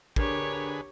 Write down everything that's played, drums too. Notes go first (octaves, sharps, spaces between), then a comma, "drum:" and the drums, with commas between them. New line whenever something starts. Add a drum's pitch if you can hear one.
D3 D4 G4 G#4 A#4 B4 C#5 A#5, drum: kick